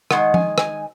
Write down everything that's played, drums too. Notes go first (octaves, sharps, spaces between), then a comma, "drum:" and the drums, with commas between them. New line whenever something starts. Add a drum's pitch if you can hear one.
D#3 G#3 F#5, drum: rim click
G#5, drum: tom
G#5, drum: rim click